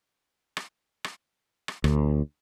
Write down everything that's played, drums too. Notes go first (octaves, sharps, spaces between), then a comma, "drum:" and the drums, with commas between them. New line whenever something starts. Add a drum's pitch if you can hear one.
drum: rim click
drum: rim click
drum: rim click
D2, drum: rim click